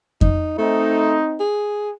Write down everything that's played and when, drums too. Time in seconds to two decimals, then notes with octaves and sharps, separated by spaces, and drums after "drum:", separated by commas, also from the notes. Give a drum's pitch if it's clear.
0.21 D#4, drum: kick F2
0.58 A3 C4 D#4
1.40 G#4